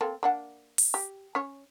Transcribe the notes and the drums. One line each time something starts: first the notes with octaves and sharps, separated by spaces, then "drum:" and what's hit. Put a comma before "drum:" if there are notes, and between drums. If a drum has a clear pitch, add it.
A#3 C4 A4
A#3 D4 F#5
drum: open hi-hat
G4
C#4 C#5